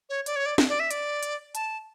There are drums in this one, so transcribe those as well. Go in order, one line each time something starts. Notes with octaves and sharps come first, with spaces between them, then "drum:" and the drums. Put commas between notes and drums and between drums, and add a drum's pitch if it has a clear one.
C#5
D5, drum: hi-hat
C#5
D5
drum: snare
D5
E5
D5, drum: hi-hat
drum: hi-hat
A5, drum: hi-hat